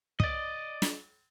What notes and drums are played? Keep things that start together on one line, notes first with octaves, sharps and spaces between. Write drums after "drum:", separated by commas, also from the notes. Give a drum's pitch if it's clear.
D5 D#5, drum: kick
drum: snare